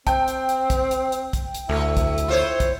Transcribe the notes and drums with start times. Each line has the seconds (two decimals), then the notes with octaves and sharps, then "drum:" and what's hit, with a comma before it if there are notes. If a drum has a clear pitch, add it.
0.07 C4 G5, drum: kick, hi-hat
0.28 drum: hi-hat
0.49 drum: hi-hat
0.70 drum: kick, hi-hat
0.91 drum: hi-hat
1.12 drum: hi-hat
1.33 drum: kick, hi-hat
1.54 drum: hi-hat
1.69 D2 A3 E4
1.97 drum: kick, hi-hat
2.18 drum: hi-hat
2.28 F4 C5 C#5
2.60 drum: kick, hi-hat